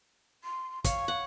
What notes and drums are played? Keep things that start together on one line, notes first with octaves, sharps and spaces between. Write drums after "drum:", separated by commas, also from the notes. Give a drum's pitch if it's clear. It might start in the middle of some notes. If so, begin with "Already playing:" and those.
C6
C#5 F5, drum: kick, hi-hat
F5 F#5